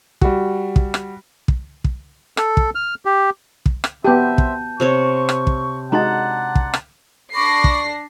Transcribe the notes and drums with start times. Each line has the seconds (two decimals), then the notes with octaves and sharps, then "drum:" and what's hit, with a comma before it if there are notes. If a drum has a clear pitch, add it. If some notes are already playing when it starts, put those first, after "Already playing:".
0.21 G3 F#4, drum: kick
0.76 drum: kick
0.94 drum: rim click
1.48 drum: kick
1.84 drum: kick
2.37 A4, drum: rim click
2.57 drum: kick
2.75 F6
3.05 G4
3.66 drum: kick
3.84 drum: rim click
4.05 B3 C4 G4 C5 E5 A5 G6
4.38 drum: kick
4.80 C3 C4 C#5 C#6
5.29 drum: rim click
5.47 drum: kick
5.92 G#3 D4 D#4 F#4 F#5 A#5 C6 A6
6.55 drum: kick
6.74 drum: rim click
7.34 D4 B5 C#6 D6 A#6 C7
7.64 drum: kick